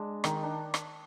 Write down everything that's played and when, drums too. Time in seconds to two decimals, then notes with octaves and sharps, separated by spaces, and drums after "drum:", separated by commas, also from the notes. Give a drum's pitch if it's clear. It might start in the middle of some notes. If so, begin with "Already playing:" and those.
Already playing: G#3 D4
0.24 D#3 D#4, drum: rim click
0.43 D4
0.74 drum: rim click